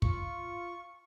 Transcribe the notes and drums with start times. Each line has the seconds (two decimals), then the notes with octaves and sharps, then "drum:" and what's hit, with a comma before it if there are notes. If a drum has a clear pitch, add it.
0.02 F4 C#6, drum: kick